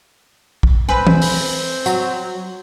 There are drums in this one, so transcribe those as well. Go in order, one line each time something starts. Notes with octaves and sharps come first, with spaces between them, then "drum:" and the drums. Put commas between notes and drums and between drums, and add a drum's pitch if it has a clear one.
drum: kick
C4 B4 C5 G#5
drum: tom
drum: open hi-hat
F#3 F#5, drum: tambourine